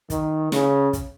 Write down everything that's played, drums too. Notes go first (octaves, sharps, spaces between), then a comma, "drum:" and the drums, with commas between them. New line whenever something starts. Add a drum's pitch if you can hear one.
D#3, drum: kick, hi-hat
C#3, drum: snare
drum: kick, hi-hat